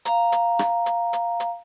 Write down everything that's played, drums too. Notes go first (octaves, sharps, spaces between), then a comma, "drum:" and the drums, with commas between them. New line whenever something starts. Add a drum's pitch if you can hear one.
F5 A#5, drum: hi-hat
drum: hi-hat
drum: rim click
drum: hi-hat
drum: hi-hat
drum: hi-hat